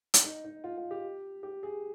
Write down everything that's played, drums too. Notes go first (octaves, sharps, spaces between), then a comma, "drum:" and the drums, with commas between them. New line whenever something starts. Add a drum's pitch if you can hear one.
drum: hi-hat
D#4
D#4
F4
F4
G4
G4
G#4